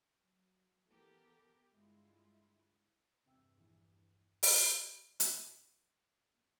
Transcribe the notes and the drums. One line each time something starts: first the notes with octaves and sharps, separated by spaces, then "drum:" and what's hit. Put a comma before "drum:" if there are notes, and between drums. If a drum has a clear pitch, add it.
F#3
E3 B3 G4 A4 A#4
G2 D3 G#3 E4 F4
E2 G2 C3 G5 E6
A#1 E3
drum: open hi-hat
G2 G3, drum: hi-hat